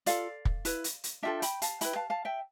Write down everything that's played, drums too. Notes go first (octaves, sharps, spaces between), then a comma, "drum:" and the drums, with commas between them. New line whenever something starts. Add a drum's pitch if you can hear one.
F4 A4 D5 F5, drum: hi-hat
drum: kick
E4 B4, drum: hi-hat
drum: hi-hat
drum: hi-hat
D4 F4 A4 E5 G5
G5 B5, drum: hi-hat
F5 A5, drum: hi-hat
E4 B4 G5 B5, drum: hi-hat
F5 A5
F5 A5
E5 G5